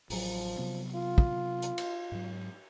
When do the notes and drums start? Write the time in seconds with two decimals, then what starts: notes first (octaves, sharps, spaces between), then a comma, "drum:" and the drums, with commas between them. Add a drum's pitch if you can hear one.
0.10 A1 F3 F#3, drum: open hi-hat
0.58 C3 F#3 B3
0.95 F4
1.18 drum: kick
1.62 drum: hi-hat
1.78 drum: cymbal
2.12 G#2 F#3